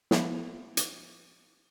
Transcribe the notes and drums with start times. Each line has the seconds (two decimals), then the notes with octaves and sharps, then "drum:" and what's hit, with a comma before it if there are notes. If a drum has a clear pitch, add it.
0.11 F3 B3 E4, drum: snare
0.77 drum: hi-hat